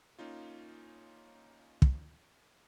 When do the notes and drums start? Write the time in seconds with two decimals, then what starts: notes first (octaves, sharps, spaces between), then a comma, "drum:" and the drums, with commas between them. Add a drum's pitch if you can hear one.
0.19 A#3 C#4 D#4 F4
1.82 drum: kick